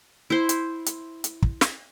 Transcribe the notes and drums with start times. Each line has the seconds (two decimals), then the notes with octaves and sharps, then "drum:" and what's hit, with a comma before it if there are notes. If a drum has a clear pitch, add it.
0.30 E4 C5
0.49 drum: hi-hat
0.86 drum: hi-hat
1.24 drum: hi-hat
1.43 drum: kick
1.61 drum: snare